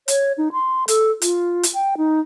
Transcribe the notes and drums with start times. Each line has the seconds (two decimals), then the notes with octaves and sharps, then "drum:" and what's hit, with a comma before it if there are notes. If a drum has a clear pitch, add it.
0.08 C#5, drum: hi-hat
0.38 D#4
0.53 C6
0.88 A4, drum: hi-hat
1.22 F4, drum: hi-hat
1.63 drum: hi-hat
1.74 G5
1.98 D#4